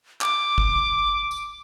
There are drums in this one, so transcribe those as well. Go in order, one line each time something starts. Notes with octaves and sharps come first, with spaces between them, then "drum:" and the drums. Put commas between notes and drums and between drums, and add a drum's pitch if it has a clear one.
D6, drum: clap
drum: kick
drum: tambourine